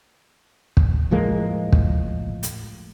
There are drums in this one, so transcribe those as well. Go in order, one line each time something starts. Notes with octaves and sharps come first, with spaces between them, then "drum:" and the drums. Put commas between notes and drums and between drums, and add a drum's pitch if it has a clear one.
drum: kick
A2 F3 G#3 A#3
drum: kick
drum: hi-hat